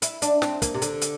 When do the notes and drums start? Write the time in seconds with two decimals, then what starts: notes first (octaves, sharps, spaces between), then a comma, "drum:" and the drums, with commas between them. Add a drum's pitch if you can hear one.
0.02 E4, drum: hi-hat
0.22 D4, drum: hi-hat
0.42 C4, drum: snare
0.62 A#3, drum: kick, hi-hat
0.74 C3
0.82 D3, drum: hi-hat
1.01 drum: hi-hat